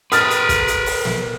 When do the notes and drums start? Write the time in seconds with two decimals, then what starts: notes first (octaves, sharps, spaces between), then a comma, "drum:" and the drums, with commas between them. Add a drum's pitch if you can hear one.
0.12 A#4 B4 D#6 F6 A6, drum: hi-hat
0.30 drum: hi-hat
0.49 drum: kick, hi-hat
0.68 drum: hi-hat
0.86 drum: open hi-hat
1.05 drum: snare